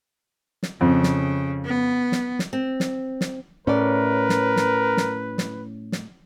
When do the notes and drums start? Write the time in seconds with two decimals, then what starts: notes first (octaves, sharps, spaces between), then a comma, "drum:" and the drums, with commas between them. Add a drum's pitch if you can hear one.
0.63 drum: snare
0.81 F2 C#3
1.03 drum: snare
1.65 B3
2.12 drum: snare
2.39 drum: snare
2.53 C4
2.80 drum: snare
3.21 drum: snare
3.67 A2 C#4 A#4 B4 D5
4.29 drum: snare
4.57 drum: snare
4.97 drum: snare
5.38 drum: snare
5.92 drum: snare